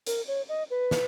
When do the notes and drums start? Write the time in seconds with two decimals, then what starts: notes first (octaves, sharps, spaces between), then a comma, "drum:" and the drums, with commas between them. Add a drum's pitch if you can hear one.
0.07 A#4, drum: hi-hat
0.27 C#5
0.49 D#5
0.70 B4
0.91 drum: snare